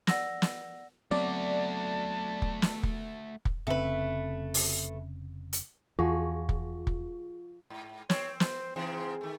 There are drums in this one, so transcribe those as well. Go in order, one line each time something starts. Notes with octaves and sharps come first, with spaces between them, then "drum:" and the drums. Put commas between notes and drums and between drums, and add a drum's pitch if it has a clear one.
D5 F#5 E6 A#6, drum: snare
drum: snare
F#3 A3 B3 C4 F#4 D5 A5
drum: kick
drum: snare
drum: kick
drum: kick
F1 C#3 A3 C4 B4
drum: open hi-hat
drum: hi-hat
E2 F3 F4 F#4 G#4
drum: kick
drum: kick
G#2
C4 C#5, drum: snare
C5, drum: snare
G#2 C#3 E3 C4
D#3 A3